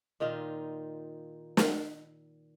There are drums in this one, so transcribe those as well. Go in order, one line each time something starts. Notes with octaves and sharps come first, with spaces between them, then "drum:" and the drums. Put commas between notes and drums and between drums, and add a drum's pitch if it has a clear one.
A#2 D#3 D#4 F4
drum: snare